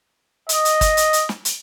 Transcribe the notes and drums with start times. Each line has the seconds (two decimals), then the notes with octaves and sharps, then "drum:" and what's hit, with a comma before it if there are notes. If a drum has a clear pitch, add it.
0.49 D#5, drum: hi-hat
0.65 drum: hi-hat
0.81 drum: kick, hi-hat
0.97 drum: hi-hat
1.13 drum: hi-hat
1.29 drum: snare
1.45 drum: hi-hat